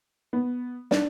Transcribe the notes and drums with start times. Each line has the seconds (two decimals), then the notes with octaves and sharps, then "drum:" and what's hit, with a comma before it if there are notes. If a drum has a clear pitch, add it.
0.33 B3
0.91 D4, drum: snare